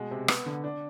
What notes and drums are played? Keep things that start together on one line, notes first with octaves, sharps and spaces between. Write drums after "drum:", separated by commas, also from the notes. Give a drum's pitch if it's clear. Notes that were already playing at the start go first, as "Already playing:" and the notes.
Already playing: B2 G#3
C3
B3, drum: rim click
D3
D4